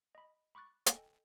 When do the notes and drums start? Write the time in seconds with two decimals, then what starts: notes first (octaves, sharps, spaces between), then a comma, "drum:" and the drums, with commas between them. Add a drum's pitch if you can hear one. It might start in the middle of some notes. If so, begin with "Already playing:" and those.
0.15 D#5 B5
0.55 B5 C#6 D6 F#6 A6
0.86 A4 D#5 G5 G#5, drum: hi-hat